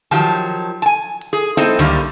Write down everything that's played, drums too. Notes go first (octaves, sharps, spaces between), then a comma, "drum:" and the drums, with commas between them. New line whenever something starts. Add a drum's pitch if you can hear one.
D#3 F3 F#3 G4 A5
G#5 A5, drum: hi-hat
drum: open hi-hat
G#4
C4 D#4 E4 A4 C5 D#5, drum: snare
D3 D#3 G3 A3 A#3, drum: tom